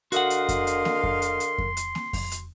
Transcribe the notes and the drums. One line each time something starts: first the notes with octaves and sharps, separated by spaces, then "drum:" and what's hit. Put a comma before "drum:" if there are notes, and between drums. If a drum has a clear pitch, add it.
D3 F#4 A#4 D#5 F5 F#5 C6, drum: hi-hat
drum: hi-hat
drum: kick F2, hi-hat
drum: hi-hat
drum: snare A#3
drum: kick F2
drum: hi-hat
drum: hi-hat
drum: kick F2
drum: hi-hat
drum: snare A#3
drum: kick F2, open hi-hat
drum: hi-hat